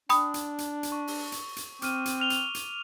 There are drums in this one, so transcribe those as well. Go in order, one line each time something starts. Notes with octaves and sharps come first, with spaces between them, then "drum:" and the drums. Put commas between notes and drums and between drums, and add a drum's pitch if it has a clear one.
D4 G5 B5 D#6, drum: hi-hat
drum: hi-hat
drum: hi-hat
drum: hi-hat
C#6
drum: open hi-hat
drum: hi-hat
drum: hi-hat
C4 D6 F6 D#7, drum: hi-hat
drum: hi-hat
F6 F7 G7
drum: hi-hat
drum: hi-hat